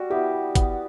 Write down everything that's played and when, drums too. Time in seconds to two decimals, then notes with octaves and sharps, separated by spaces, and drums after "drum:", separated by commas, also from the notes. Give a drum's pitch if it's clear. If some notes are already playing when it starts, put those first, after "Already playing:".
Already playing: G3 F#4
0.10 B3 E4 G4
0.55 B3, drum: kick, hi-hat